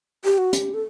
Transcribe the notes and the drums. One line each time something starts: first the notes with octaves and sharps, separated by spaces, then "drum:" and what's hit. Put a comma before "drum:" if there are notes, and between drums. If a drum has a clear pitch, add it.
G4
F#4
G4, drum: hi-hat
A4